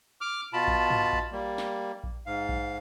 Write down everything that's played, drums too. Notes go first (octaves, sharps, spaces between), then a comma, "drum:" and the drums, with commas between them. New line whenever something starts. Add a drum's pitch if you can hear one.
D6 F6
B2 F4 A5 B5
drum: kick A#1
drum: tom
drum: kick A#1
G3 A#3
drum: snare
drum: kick A#1
G#2 F5
drum: kick A#1